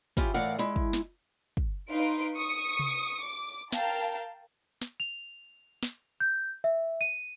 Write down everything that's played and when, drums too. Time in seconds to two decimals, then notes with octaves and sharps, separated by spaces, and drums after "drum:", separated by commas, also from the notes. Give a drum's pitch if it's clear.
0.17 C#4 E4 F4 G4, drum: kick
0.34 A2 E3 A#4 D5 F5 F#5
0.58 G#3 E4
0.76 drum: kick
0.93 drum: snare
1.57 drum: kick
1.91 D#4 B4 F5 C6 D7
2.38 C#6 D#6 C#7
2.50 drum: hi-hat
2.79 drum: tom C3
3.23 D6
3.72 A#4 F5 G5 A5, drum: snare
4.12 drum: hi-hat
4.82 drum: snare
5.00 F7
5.83 drum: snare
6.20 G6
6.64 E5
7.01 D#7, drum: hi-hat